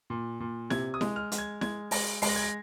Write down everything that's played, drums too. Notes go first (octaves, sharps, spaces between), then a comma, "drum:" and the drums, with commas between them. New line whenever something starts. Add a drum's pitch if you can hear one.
A#2
A#2
C3 G#6, drum: snare E4
D#6
G#3, drum: snare E4
F6
G#3, drum: hi-hat
G#6
G#3 G#6, drum: snare E4
G#3 A#6, drum: open hi-hat
G#3 C7, drum: open hi-hat
A#6
G#6
A#6